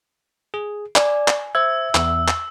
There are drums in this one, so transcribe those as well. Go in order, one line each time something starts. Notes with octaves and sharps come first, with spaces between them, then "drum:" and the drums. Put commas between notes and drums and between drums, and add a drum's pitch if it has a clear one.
G#4
D5 G#5, drum: clap
drum: clap
C5 E5 E6 G#6
E2, drum: clap
drum: clap